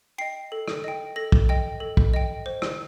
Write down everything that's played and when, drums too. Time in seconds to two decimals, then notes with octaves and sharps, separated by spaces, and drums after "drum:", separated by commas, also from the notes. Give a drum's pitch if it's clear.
0.18 D#5 G5 C7
0.52 A4
0.68 drum: rim click
0.84 D#5 G5
1.16 A4 A#6
1.32 drum: kick
1.49 D#5 G5
1.80 A4
1.97 drum: kick
2.14 D#5 G5
2.46 C5
2.62 drum: rim click